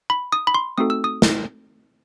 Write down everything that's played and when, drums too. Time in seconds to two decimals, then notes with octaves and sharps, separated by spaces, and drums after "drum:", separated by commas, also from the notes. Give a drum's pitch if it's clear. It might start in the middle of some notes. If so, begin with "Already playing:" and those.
0.10 B5
0.32 D#6
0.47 B5
0.55 C6
0.78 A3 C4 D#4 F#4 A4 D#6
0.90 E6
1.04 D#6
1.22 drum: snare